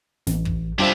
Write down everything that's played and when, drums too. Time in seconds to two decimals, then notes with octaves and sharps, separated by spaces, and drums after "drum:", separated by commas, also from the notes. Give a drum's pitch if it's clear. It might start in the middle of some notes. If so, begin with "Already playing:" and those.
0.27 A1, drum: snare
0.45 drum: kick
0.79 G3 D4 F4 C5 E5